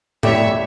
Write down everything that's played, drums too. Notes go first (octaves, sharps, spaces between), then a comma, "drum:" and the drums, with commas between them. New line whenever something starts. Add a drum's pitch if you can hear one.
A3 E4 G4 C#5 D5 E5, drum: tom G#2